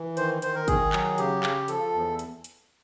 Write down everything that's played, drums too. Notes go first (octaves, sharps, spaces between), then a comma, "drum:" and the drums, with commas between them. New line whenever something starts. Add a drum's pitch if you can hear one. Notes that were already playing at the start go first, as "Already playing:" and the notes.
Already playing: E3
D#3 C5, drum: hi-hat
D#3 C5, drum: hi-hat
A#4
D#3 G#4, drum: kick, hi-hat
F#3, drum: clap
C#3 G4, drum: hi-hat
C#3, drum: clap
F3 A4, drum: hi-hat
E2
drum: hi-hat
drum: hi-hat